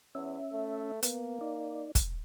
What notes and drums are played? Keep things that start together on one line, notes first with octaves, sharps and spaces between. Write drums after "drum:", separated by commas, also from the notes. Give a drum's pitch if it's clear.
E2 C#4 E5
A3
A#3 B3, drum: hi-hat
D#4 D5
drum: kick, hi-hat